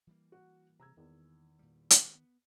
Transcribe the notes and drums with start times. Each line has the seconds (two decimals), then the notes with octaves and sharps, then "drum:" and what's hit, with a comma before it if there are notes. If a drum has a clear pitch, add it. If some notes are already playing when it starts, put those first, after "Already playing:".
0.07 E3 G3 A#3
0.32 F#4
0.80 C3 A#5 E6 G#6
0.97 E2 D#3
1.59 A#2 G3
1.90 drum: hi-hat
2.15 B3